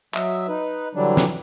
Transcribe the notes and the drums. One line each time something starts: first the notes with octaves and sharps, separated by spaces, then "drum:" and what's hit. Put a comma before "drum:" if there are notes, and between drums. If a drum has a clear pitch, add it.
F#3 D#5 E5, drum: clap
D#4 B4
D3 E3 F#3 G3 D4
drum: snare